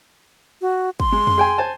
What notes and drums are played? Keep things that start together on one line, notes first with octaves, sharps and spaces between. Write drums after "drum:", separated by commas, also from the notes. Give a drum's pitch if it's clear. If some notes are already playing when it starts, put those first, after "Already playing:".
F#4
C6, drum: kick
G#3
drum: tom F2
G#4 G5 G#5
C5 G#5 A5